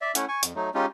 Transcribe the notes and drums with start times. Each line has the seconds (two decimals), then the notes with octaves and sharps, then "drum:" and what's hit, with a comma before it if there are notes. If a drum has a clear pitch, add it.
0.01 D5 E5
0.15 A3 C#4 E4 F#5, drum: hi-hat
0.28 G#5 C#6
0.43 F2, drum: hi-hat
0.56 F#3 A3 D#4
0.74 G#3 C#4 D#4 F4 G4